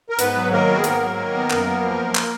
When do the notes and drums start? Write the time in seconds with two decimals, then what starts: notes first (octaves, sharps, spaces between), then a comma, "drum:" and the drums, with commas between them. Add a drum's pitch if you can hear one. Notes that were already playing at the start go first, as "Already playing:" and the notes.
0.10 A#4
0.19 G#2 B3 B4, drum: hi-hat
0.36 F#3
0.51 D#3 A#3 A#4
0.67 B3 F#4
0.78 G#4
0.84 G#2 A#3 A#4, drum: hi-hat
1.01 F#3
1.17 D#3
1.34 B3
1.50 F#2, drum: clap
1.67 B3
1.83 F3
1.99 F#2
2.15 drum: clap